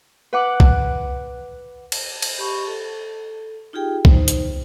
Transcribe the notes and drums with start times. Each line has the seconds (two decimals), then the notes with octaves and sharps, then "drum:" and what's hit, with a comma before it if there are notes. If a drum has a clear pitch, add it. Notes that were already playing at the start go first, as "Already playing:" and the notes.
0.33 B4 F#5 D6
0.60 drum: kick
1.92 drum: cymbal
2.22 drum: cymbal
2.38 G4 B5 C#6
2.67 A4
3.73 D#4 F4 G4 G#4 G5
4.05 D#4 C5, drum: kick
4.28 drum: hi-hat